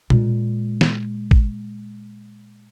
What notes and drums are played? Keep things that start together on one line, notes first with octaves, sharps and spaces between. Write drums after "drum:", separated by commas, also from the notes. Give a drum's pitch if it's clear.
A#2 G#3, drum: tom B2
drum: snare
drum: kick